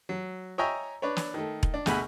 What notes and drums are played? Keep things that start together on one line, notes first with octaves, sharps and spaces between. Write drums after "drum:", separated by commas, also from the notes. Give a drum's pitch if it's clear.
F#3
C#5 D#5 E5 G5 G#5 A#5
D4 B4 C#5
drum: snare
D#3 A3
drum: kick E1
D4
D2 B2 G#4 F#5 G#5 B5, drum: snare